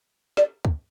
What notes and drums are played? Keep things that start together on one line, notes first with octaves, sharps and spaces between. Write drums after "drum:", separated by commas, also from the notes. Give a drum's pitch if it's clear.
D5, drum: snare
drum: kick